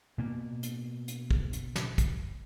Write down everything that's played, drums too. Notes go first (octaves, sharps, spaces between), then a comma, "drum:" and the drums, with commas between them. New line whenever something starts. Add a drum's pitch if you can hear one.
B2 A#3
drum: hi-hat
drum: hi-hat
drum: kick
drum: hi-hat
drum: snare
drum: kick, hi-hat